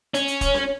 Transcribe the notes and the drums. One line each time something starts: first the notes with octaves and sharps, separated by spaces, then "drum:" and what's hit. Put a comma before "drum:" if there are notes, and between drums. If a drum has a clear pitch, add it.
C#4, drum: hi-hat
drum: hi-hat
drum: kick, hi-hat
drum: snare C#4